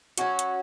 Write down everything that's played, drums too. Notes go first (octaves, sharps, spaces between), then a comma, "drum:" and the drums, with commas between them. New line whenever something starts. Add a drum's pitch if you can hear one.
F#3 C#4 F#4, drum: hi-hat
drum: hi-hat